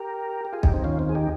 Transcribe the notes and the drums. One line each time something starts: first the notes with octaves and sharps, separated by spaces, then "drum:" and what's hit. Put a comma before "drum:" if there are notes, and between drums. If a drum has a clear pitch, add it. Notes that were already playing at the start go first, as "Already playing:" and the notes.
Already playing: G4 A#4
G4
F4 G#4
D#4 G4, drum: kick B1
C4 D#4
D#2 D#3 C#4 F4
C4
G#4
D#4 G4